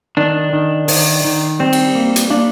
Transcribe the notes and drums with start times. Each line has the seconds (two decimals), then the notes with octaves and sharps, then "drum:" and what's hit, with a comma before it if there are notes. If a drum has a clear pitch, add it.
0.17 D#3 D4
0.53 D#3
0.88 D#3, drum: open hi-hat
1.25 D#3
1.59 G3 C4
1.73 drum: cymbal
1.95 A#3
2.16 drum: hi-hat
2.30 A#3 D4